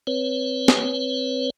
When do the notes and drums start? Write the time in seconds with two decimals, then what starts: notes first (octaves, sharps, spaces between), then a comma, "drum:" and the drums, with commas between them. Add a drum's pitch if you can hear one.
0.07 C4 B4 C#5
0.68 drum: snare